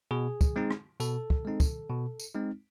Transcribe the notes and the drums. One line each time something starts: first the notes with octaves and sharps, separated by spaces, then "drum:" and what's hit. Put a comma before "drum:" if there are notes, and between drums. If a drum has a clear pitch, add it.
B2 G#4
drum: kick, tambourine
G#3 C4 D#4
drum: rim click
B2 A4, drum: tambourine
drum: kick
G#3 C4 D#4
drum: kick, tambourine
B2
drum: tambourine
G#3 C4 D#4